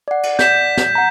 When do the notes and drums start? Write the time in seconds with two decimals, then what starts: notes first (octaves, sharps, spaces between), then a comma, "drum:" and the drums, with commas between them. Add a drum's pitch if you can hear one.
0.08 D5 F#5
0.23 drum: cymbal
0.39 G6 B6 E7, drum: snare
0.77 drum: snare
0.95 F#5 A#5